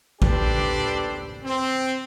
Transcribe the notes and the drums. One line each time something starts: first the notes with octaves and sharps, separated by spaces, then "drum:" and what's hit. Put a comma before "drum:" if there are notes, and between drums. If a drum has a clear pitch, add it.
D4 G4 A4 B4 C5 D5, drum: kick A1
C4